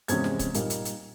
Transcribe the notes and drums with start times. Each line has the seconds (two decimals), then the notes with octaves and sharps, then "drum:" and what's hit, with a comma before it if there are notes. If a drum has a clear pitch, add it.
0.08 E2 C3 F3 G#3 C#4 G#6, drum: hi-hat
0.24 drum: snare
0.39 drum: kick C#1, hi-hat
0.54 A#2 G3 A#3 D#4, drum: hi-hat
0.70 drum: hi-hat
0.85 drum: hi-hat